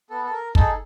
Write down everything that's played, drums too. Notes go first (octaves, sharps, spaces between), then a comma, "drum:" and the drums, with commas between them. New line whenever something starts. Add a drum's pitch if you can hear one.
B3 A4
A4
A#4
D#4 G#4 A4, drum: kick